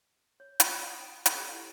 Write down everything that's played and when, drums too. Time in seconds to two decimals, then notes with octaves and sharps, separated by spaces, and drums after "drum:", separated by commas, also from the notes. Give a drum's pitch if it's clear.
0.40 C#5
0.60 F4, drum: hi-hat
0.75 B5
0.87 D#6
1.01 G5
1.26 A4, drum: hi-hat
1.38 G4
1.52 E4